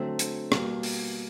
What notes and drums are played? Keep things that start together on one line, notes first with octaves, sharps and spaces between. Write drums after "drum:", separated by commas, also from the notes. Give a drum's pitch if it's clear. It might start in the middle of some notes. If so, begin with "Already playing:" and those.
Already playing: D3 F#3 A3 C4
drum: hi-hat
B2 G3 A#3, drum: rim click
drum: open hi-hat